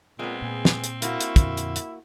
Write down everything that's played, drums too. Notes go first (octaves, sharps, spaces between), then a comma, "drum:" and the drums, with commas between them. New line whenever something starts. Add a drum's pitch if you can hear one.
A#2 G#3 B3 C4
A#2 G#4
drum: snare
drum: hi-hat
A#3 E4 F#4, drum: hi-hat
drum: hi-hat
F2 A#2 D3, drum: kick, hi-hat
drum: hi-hat
drum: hi-hat